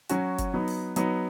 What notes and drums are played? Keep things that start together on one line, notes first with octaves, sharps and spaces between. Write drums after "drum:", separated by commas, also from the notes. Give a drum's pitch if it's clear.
F#3 C#4 F#4, drum: hi-hat
drum: kick F#1, hi-hat
F#3 B3 D#4
drum: open hi-hat
F#3 B3 D#4, drum: hi-hat